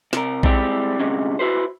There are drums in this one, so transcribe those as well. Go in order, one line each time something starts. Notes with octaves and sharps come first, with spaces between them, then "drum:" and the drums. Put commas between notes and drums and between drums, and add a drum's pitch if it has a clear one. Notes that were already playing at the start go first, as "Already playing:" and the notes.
C3 A#4, drum: snare
G3 G#3 C4 E4 G4, drum: kick A#1
D2 G2 C3 G#3 C#4
E4 F#4 B4 C5